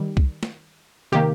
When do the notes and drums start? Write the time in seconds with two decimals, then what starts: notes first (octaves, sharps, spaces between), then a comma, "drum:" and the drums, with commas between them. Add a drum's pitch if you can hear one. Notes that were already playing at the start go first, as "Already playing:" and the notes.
Already playing: D#3 G3
0.17 drum: kick C2
0.43 drum: snare
1.12 C3 D#3 A#3 G4